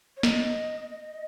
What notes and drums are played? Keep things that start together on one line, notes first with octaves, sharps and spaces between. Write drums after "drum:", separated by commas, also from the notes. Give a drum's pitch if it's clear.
C#5
D#5, drum: snare